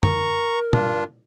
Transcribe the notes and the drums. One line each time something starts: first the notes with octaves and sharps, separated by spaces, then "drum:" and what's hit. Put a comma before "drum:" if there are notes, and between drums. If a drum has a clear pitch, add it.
A#4 A#5 C#6, drum: tom
G2 D4 F4, drum: tom